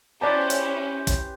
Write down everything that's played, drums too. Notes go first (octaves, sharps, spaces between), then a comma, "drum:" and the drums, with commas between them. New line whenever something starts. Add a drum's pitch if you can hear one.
C#4 E4 G4 B4 C5 D5 A5 A#5
drum: hi-hat
drum: kick, hi-hat